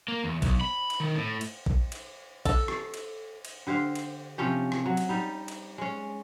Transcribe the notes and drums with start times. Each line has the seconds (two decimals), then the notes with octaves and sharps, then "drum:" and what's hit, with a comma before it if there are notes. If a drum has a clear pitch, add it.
0.08 A#3
0.24 E2
0.42 B1, drum: kick A#1, cymbal
0.61 B5
0.90 drum: cymbal
1.00 D#3
1.16 A2
1.41 drum: cymbal
1.66 drum: kick A#1
1.92 drum: cymbal
2.45 A4, drum: kick A#1, cymbal
2.68 drum: rim click
2.94 drum: cymbal
3.45 drum: cymbal
3.67 D3 G4 C5 F5
3.95 drum: cymbal
4.38 C3 F3 C#4 G4
4.72 drum: rim click
4.86 F#3
4.97 drum: cymbal
5.09 G3 D#4
5.48 drum: cymbal
5.78 G#3 C#4